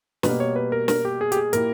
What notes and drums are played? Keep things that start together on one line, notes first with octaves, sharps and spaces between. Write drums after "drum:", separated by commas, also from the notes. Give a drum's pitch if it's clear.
B2 G3 A#3 B4, drum: snare
C#5
B4
A#4
A#4, drum: snare
G4
G#4
G4, drum: hi-hat
G#4
A#2 A#3 E4 G4 A#4, drum: hi-hat